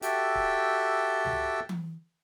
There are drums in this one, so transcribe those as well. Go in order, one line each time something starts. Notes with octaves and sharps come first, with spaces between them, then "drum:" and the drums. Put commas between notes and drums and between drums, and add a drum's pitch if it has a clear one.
F#4 G4 A4 E5 G5, drum: hi-hat
drum: kick
drum: tom C#2
drum: tom E3